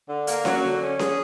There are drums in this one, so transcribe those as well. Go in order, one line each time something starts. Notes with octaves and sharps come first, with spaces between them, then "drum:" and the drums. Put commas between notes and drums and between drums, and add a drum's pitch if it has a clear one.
D3
A#3, drum: hi-hat
F#3, drum: snare C#4
D3
C#4
G#4, drum: snare C#4